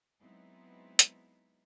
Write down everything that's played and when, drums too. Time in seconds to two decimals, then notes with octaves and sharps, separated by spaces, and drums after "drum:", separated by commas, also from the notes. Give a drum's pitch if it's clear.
0.21 F#3 G#3 B3 C4 D#4 E4
0.99 drum: hi-hat